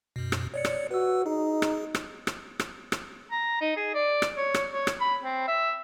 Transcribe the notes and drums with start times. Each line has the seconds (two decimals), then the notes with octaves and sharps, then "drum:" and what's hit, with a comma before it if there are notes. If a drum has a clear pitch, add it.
0.16 F#2 B2
0.32 drum: rim click
0.54 C#5 D5 C#7
0.65 drum: rim click
0.91 F#4 B4 E6
1.26 D#4 G#4
1.62 drum: rim click
1.95 drum: rim click
2.27 drum: rim click
2.59 drum: rim click
2.92 drum: rim click
3.32 A#5
3.61 D#4
3.77 G#4
3.94 D5
4.22 drum: rim click
4.37 C#5
4.54 drum: rim click
4.71 C#5
4.87 drum: rim click
5.01 B5
5.23 C4
5.48 E5